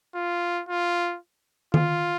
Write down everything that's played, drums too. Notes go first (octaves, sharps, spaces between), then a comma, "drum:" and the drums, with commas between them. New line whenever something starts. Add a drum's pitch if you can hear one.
F4
F4
F4, drum: tom D#3